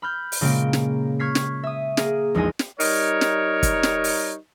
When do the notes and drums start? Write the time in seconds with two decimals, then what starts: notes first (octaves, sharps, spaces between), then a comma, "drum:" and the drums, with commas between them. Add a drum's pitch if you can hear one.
0.02 B5 F6 G6
0.32 drum: open hi-hat
0.41 A#2 C#3 G#3 A#3 G5
0.73 drum: snare
1.19 C#6 F6 G#6 B6 C7
1.35 drum: snare
1.63 E5 D#6
1.97 A#3 G#4, drum: snare
2.34 A#1 E2 G#3 D#4 D#5 G#5
2.59 drum: snare
2.80 G3 D#4 A#4 C#5, drum: open hi-hat
3.21 drum: snare
3.63 drum: kick, hi-hat
3.83 drum: snare
4.04 drum: open hi-hat